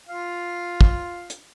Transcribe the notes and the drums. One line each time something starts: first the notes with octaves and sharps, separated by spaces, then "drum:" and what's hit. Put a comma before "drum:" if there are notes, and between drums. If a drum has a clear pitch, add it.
F4 F5
drum: kick
drum: hi-hat